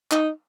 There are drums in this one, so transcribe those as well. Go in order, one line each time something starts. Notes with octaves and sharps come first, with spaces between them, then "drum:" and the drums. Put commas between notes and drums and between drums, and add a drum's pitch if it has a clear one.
D#4, drum: clap